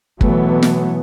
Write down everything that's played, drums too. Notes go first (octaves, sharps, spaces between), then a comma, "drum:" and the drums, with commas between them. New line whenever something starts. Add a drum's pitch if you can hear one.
B2 E3 F#3 A3 B3, drum: kick
drum: snare